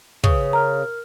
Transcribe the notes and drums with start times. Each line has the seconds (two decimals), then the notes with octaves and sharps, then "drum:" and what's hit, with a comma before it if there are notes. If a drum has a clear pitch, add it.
0.24 C#3 B4 D#6, drum: kick
0.53 A#4 A#5 F6